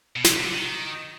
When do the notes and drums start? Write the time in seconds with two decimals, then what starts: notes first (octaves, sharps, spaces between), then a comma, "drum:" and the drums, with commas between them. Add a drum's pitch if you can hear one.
0.16 B2
0.24 C3, drum: snare
0.35 C3
0.44 D3
0.53 D#3